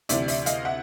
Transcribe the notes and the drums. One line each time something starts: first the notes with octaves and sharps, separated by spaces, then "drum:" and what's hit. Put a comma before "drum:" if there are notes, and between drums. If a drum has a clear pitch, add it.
D2 C3 E3 D5 E5, drum: hi-hat
D5 E5, drum: open hi-hat
D#5 F5, drum: hi-hat
E5 F#5